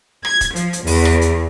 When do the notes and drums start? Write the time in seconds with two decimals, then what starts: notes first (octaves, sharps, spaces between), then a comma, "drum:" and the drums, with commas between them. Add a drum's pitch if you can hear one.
0.25 G#6, drum: rim click
0.41 drum: kick E1, hi-hat
0.56 F3, drum: hi-hat
0.73 drum: hi-hat
0.87 E2, drum: open hi-hat
1.05 drum: rim click
1.21 drum: hi-hat